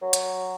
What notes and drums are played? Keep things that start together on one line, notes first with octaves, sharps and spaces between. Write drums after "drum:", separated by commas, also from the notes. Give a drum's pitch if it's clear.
F#3
drum: hi-hat